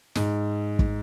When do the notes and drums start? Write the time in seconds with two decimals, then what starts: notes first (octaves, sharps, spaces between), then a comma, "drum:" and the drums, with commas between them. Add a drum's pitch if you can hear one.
0.15 G#2, drum: snare
0.79 drum: kick